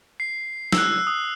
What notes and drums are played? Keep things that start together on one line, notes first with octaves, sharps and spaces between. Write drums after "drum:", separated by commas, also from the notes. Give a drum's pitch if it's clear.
C7
E6, drum: snare
F#6
E6
D#6